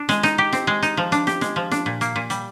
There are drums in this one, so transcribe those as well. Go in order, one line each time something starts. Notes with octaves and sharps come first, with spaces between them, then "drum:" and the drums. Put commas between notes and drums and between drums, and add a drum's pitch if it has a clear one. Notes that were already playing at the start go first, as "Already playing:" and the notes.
Already playing: D4
G#3, drum: snare
D#4, drum: snare
G4
C4, drum: snare
G#3
D#4, drum: hi-hat
F3
D4, drum: hi-hat
G4, drum: snare
G#3, drum: snare
F3
D4, drum: snare
A#2
A#3, drum: hi-hat
A#2
G3, drum: hi-hat